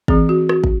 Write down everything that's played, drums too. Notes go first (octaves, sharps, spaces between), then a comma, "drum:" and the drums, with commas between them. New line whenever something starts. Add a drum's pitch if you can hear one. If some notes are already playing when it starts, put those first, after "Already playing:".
E3 C4 G#4, drum: kick
F#4
F#4, drum: rim click
drum: kick